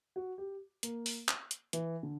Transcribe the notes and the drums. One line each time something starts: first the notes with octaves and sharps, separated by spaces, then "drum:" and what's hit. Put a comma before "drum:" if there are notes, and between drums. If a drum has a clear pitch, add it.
F#4
G4
A#3, drum: hi-hat
drum: open hi-hat
drum: clap
drum: hi-hat
E3, drum: hi-hat
D3